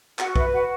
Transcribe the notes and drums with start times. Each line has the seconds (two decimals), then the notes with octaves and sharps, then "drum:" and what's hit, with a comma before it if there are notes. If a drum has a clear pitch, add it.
0.19 F#4 F#5, drum: clap
0.36 B4 E5, drum: kick B1
0.53 F#4 F#5